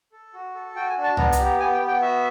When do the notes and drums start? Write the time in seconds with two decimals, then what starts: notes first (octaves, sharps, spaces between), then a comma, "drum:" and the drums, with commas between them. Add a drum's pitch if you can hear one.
0.12 A4
0.34 F#4
0.55 A4
0.76 F#4 G5
0.89 G#5
0.97 D4
1.04 A5
1.17 B3 A#5, drum: tom C2
1.32 A#5, drum: hi-hat
1.39 G4
1.45 A#5
1.59 B3 G#5
1.74 G5
1.82 B3
1.87 G5
2.02 F#4 E5